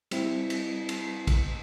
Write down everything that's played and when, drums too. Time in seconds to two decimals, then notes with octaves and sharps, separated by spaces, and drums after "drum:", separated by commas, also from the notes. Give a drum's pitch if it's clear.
0.11 G3 C4 E4, drum: cymbal
0.50 drum: cymbal
0.89 drum: cymbal
1.27 drum: kick A#1, cymbal